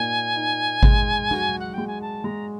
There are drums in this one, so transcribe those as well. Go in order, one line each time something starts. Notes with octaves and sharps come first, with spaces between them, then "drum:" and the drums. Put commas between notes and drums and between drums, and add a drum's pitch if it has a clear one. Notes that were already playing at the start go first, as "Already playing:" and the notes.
Already playing: A#2 D#4 G#5
D#4
G#3, drum: kick G#1
F#4, drum: tom
F#5
G#3 G5
G#5
A5
G#3 A#5